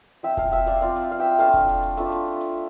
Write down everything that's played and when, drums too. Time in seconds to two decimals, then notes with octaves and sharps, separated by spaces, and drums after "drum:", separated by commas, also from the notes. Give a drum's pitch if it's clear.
0.23 F3 C4 F4 E5 G5
0.37 F5 A5, drum: kick F1, open hi-hat
0.52 E5 G5, drum: hi-hat
0.66 D5 F5, drum: hi-hat
0.81 F3 C4 F4 D5 F5, drum: hi-hat
0.96 drum: hi-hat
1.11 F5
1.20 E5 G5
1.39 A3 D4 F4 F5 A5, drum: hi-hat
1.54 drum: kick F1, open hi-hat
1.68 drum: hi-hat
1.83 drum: hi-hat
1.97 A3 D4 F4, drum: hi-hat
2.12 drum: hi-hat
2.41 drum: hi-hat